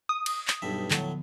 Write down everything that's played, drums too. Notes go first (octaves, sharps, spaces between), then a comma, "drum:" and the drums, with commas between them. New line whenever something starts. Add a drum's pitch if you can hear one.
D#6
drum: cymbal
drum: clap
B1 G2 E5
A2 D3 F3 F#3 B3, drum: clap